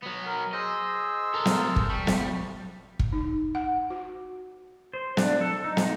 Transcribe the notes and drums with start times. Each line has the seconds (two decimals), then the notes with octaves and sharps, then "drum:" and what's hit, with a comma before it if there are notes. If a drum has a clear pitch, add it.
0.03 F#3 B3
0.26 A#4
0.53 G#4 C5 D#5 E6
1.34 A4 A#4
1.45 drum: snare
1.76 drum: kick
1.89 G3 C#6
2.07 drum: snare
3.00 drum: kick
3.13 D#4
3.55 F#5
3.90 F#4
4.93 C5
5.17 D4, drum: snare
5.41 A4
5.64 D#4
5.77 drum: snare